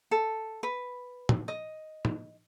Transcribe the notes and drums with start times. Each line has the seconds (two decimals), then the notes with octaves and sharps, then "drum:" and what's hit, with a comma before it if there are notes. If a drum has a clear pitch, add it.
0.11 A4
0.63 B4
1.29 drum: tom A2
1.48 D#5
2.05 drum: tom A2